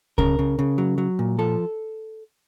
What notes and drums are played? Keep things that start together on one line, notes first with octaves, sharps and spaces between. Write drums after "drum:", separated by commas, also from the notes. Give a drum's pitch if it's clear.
C#3 A#4, drum: kick C#2
C#3
C#3
F#3
F#3
A#2
F3 A4